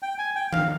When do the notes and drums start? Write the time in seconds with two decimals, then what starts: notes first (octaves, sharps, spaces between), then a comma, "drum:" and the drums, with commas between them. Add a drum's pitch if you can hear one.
0.03 G5
0.19 G#5
0.35 G5
0.53 F5, drum: tom D#3